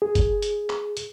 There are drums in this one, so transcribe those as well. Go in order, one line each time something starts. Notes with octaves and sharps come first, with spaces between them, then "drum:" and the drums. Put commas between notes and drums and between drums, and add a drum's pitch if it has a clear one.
G#4
drum: kick F#1, hi-hat
drum: hi-hat
drum: clap
drum: hi-hat